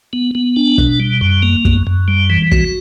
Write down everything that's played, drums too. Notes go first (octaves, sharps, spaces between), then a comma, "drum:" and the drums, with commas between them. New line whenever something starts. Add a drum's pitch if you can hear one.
B3
B3
D4
B2, drum: kick
G3
F#2
A#3
F#2, drum: kick
F#2
G3
E3
F#4, drum: kick